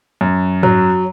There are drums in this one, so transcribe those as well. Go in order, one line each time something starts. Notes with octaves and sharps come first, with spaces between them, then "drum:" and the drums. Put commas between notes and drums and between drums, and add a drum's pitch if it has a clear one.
F#2
F#3, drum: tom G#2